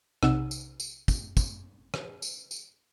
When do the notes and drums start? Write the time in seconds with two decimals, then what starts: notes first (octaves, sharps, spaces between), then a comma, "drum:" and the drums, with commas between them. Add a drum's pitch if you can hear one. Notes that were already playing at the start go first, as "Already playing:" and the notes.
0.23 B1 C3 D#4 F#5 E6, drum: rim click
0.51 drum: tambourine
0.80 drum: tambourine
1.08 drum: kick, tambourine
1.37 drum: kick, tambourine
1.94 drum: rim click
2.22 drum: tambourine
2.51 drum: tambourine